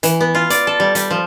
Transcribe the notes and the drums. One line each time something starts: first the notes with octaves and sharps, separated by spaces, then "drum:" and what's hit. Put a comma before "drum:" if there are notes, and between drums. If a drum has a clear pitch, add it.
E3, drum: hi-hat
B3
F4
D5, drum: hi-hat
A4
G3
G3, drum: hi-hat
F3